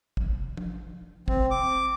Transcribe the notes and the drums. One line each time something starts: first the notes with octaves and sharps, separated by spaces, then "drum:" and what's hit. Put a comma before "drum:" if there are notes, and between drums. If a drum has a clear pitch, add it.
drum: kick
drum: tom
C4, drum: kick
D6